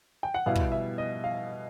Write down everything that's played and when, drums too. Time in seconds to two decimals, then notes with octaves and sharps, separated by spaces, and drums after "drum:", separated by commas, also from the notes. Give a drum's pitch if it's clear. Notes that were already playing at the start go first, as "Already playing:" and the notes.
0.23 G5
0.34 F#5
0.46 B2 G3 B3 E4 F5
0.55 drum: kick
0.72 E5
0.98 D#5
1.24 F5